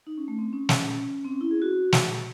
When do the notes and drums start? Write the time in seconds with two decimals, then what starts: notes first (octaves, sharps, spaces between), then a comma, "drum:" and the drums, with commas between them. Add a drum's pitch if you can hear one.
0.07 D#4
0.17 C#4
0.28 A3
0.39 C4
0.53 C#4
0.69 drum: snare
1.25 C4
1.31 C#4
1.41 E4
1.51 G#4
1.62 F#4
1.92 drum: snare